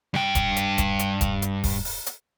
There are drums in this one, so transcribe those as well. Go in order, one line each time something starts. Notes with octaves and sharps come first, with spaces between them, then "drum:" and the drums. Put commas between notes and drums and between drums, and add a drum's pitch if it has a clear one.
G2 G5, drum: snare
drum: kick, hi-hat
drum: hi-hat
drum: kick, hi-hat
drum: hi-hat
drum: kick, hi-hat
drum: hi-hat
drum: kick, open hi-hat
drum: open hi-hat
drum: hi-hat